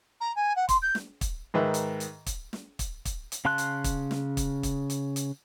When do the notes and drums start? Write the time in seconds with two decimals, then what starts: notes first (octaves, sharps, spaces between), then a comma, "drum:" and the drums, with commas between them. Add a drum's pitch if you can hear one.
0.21 A#5
0.36 G#5
0.56 F#5
0.69 C6, drum: kick, hi-hat
0.82 G6
0.95 drum: snare
1.21 drum: kick, hi-hat
1.54 G#2 D#3 B4 E5
1.74 drum: hi-hat
2.00 drum: hi-hat
2.26 drum: kick, hi-hat
2.53 drum: snare
2.79 drum: kick, hi-hat
3.05 drum: kick, hi-hat
3.32 drum: hi-hat
3.45 C#3 F5 A5 C6 F#6
3.58 drum: hi-hat
3.84 drum: kick, hi-hat
4.11 drum: snare
4.37 drum: kick, hi-hat
4.63 drum: kick, hi-hat
4.90 drum: hi-hat
5.16 drum: hi-hat